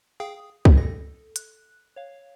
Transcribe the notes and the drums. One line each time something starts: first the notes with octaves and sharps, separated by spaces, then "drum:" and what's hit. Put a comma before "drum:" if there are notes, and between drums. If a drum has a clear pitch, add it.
G#4 F5 G5 D#6
drum: kick
A4 A#6
F#6, drum: hi-hat
C#5 F5